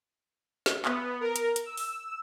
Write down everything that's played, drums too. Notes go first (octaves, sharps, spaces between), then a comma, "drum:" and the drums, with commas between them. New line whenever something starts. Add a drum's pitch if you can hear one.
drum: snare
B3, drum: clap
A#4
drum: hi-hat
drum: hi-hat
E6
drum: open hi-hat